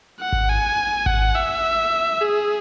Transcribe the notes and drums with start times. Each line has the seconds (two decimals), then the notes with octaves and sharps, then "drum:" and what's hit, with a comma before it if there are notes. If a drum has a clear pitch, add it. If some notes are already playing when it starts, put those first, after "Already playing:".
0.20 F#5
0.32 drum: kick G#1
0.49 G#5
1.06 F#5, drum: kick G#1
1.35 E5
2.21 G#4